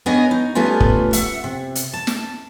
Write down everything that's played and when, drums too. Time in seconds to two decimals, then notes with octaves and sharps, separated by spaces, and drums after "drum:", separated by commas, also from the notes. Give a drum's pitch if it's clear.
0.06 B3 C#4 D4 G#4 C#5 D#5
0.31 D#4
0.55 G3 A3 B3 C#4 F4
0.80 drum: kick
1.13 E5 F#5, drum: hi-hat
1.44 C3
1.75 drum: hi-hat
1.93 A5
2.07 drum: snare